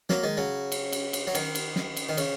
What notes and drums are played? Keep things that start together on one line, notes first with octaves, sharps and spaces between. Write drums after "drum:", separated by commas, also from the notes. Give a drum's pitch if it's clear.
F#3 A#3, drum: snare
D#3 G#3
C#3 F#3
drum: cymbal
drum: cymbal
drum: cymbal
F#3
D#3, drum: cymbal
drum: cymbal
drum: snare
drum: cymbal
D#3
C#3, drum: cymbal